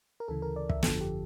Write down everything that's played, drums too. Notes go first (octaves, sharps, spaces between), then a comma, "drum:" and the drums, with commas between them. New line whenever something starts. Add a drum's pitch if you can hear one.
A#4
D2 C#3 E3 A4
A#4
D5
E5, drum: kick
G1 F2 D3 F3 A4, drum: snare
G4